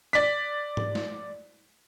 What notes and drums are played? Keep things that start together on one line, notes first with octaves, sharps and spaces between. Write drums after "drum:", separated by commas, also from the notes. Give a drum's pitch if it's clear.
D5 B6
drum: tom G#2
drum: snare